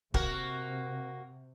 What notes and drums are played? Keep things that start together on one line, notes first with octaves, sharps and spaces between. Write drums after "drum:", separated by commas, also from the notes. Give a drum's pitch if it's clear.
C3 A#3 F#4 A#4, drum: kick